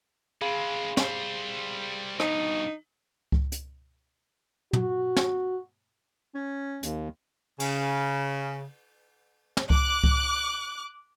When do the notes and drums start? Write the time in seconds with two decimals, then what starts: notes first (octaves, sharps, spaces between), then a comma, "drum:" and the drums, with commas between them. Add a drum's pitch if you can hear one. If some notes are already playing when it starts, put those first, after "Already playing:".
0.42 G#3 C4 G#4 F5 B5
0.97 G3 C5, drum: snare
2.20 G2 B2 D#4, drum: rim click
3.32 drum: kick C#2
3.52 drum: hi-hat
4.73 F#4, drum: tom
5.17 drum: snare
6.34 C#4
6.83 D#2, drum: hi-hat
7.60 C#3, drum: cymbal
9.57 drum: snare
9.70 D6 F#6, drum: kick C#2
10.04 drum: kick C#2